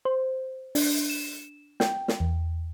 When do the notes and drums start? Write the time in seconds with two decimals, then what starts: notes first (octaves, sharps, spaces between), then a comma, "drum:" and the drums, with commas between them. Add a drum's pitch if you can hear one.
0.05 C5
0.75 D4, drum: open hi-hat
1.10 E7
1.80 G5, drum: snare
2.08 drum: snare
2.20 E2